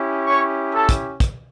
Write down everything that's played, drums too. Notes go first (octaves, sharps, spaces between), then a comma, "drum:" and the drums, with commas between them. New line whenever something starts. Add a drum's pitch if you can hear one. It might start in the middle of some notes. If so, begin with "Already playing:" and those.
Already playing: C#4 E4 G4
C#5 C#6
A4 A5
drum: kick, hi-hat
drum: kick, hi-hat